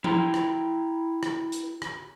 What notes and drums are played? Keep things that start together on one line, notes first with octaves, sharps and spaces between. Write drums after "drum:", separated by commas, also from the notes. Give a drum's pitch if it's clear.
E4 G5 A#5 C6, drum: tom F3
drum: rim click
drum: rim click
drum: hi-hat
drum: rim click